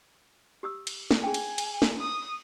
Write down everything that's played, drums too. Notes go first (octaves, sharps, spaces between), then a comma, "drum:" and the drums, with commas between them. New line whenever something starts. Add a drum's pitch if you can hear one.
G4 D#6 E6
drum: cymbal
drum: snare
G#4 G5 G#5
drum: cymbal
drum: cymbal
drum: snare
D#6